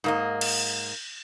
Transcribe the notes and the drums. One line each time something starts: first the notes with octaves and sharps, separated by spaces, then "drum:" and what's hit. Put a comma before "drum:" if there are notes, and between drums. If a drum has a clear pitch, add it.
G#2 A#3 D#5
drum: cymbal